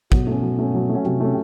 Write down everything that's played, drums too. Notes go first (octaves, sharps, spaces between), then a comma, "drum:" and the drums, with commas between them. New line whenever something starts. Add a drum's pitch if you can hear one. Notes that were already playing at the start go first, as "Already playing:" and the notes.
B2 F#3 B3, drum: kick
A3 C#4
F#3
A3 C#4
F#3
A3
C#4
C3 F#3 C4
A3 C#4